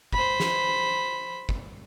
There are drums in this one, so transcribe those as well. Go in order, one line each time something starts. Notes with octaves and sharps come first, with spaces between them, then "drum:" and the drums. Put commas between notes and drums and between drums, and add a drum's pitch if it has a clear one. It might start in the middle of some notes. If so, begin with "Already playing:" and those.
C5 B5, drum: kick
drum: snare
drum: kick